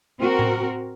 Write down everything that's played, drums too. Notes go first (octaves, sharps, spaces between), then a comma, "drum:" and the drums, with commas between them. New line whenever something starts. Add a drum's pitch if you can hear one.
C4 F#4 A#4
drum: tom A2